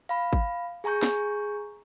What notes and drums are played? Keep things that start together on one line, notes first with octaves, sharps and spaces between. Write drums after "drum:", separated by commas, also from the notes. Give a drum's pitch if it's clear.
F5 B5
drum: kick
G#4 G#5 A#5 C#6 G6
drum: snare